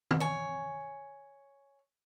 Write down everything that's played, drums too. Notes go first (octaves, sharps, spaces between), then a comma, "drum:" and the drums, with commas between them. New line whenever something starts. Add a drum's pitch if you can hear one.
drum: tom D#3
C#5 G#5